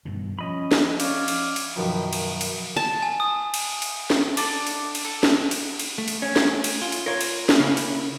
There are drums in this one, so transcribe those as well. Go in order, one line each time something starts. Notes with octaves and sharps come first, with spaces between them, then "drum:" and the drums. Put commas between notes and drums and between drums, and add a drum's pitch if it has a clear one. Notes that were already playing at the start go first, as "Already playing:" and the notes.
G2 B2 D#3
F3 C#4 D#5 B5
drum: snare
C#5 D5 F5, drum: cymbal
drum: cymbal
drum: cymbal
F#2 B2 D#3 F3
drum: cymbal
drum: cymbal
A5
G#5
D#6
drum: cymbal
drum: cymbal
drum: snare
D4 A4 D5, drum: cymbal
drum: cymbal
drum: cymbal
A4
drum: snare
drum: cymbal
drum: cymbal
A3
drum: cymbal
C#4
drum: snare
drum: cymbal
F4
drum: cymbal
F4 A#4 C#5
drum: cymbal
drum: snare
C#3 A#3 C#4 E4
drum: cymbal